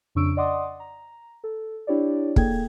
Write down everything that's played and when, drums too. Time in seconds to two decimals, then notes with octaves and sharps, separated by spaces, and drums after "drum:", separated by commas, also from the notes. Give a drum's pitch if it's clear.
0.15 F2 C#3 D4 C#6 E6 D7
0.37 D5 D#5 F#5 C6 D6 D#6
0.80 A#5
1.44 A4
1.87 D4 E4 G4 C#5 D5
2.36 A#3 G#4 A4 G5 G#6, drum: kick